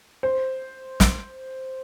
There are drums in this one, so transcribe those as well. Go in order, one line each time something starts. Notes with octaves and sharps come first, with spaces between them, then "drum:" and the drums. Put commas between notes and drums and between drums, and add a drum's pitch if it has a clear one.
C5
drum: snare